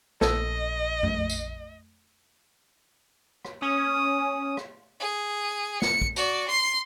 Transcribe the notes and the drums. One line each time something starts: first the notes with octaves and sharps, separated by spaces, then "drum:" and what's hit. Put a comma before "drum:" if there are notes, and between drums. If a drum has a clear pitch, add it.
A#1 A4 D#5, drum: snare
drum: tom F2
drum: tambourine
drum: rim click
C#4 D#6
drum: rim click
G#4
C#7, drum: snare
drum: kick
F#4 D5, drum: tambourine
C6 C7